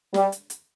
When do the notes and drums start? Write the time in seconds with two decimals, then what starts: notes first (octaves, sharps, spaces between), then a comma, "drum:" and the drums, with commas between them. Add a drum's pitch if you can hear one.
0.14 G3, drum: snare
0.32 drum: hi-hat
0.50 drum: hi-hat